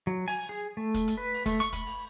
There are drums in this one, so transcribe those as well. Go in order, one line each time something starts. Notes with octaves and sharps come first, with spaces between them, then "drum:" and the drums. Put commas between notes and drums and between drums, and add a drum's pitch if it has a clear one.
F#3
G#5, drum: open hi-hat
G#4
A3
drum: kick, hi-hat
drum: hi-hat
B4
drum: open hi-hat
A3, drum: kick, hi-hat
C#6, drum: hi-hat
B5, drum: kick, hi-hat
drum: open hi-hat